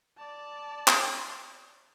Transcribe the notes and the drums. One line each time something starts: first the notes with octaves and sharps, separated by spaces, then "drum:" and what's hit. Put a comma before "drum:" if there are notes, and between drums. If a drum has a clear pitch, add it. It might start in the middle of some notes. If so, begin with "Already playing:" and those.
D5 A5
drum: clap